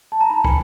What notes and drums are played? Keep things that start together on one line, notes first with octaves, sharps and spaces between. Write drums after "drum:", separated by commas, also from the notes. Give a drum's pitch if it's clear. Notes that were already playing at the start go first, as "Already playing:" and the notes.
A5
A#5
D#4 A5 B5
G#5, drum: kick